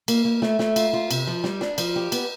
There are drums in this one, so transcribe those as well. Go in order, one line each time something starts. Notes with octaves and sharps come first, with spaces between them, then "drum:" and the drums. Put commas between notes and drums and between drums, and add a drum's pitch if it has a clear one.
A#3, drum: cymbal
A#3
A3, drum: snare
A3, drum: snare
F4, drum: cymbal
F4
C3, drum: cymbal
F3
G3, drum: snare
D4, drum: snare
F3, drum: cymbal
G4
B3, drum: cymbal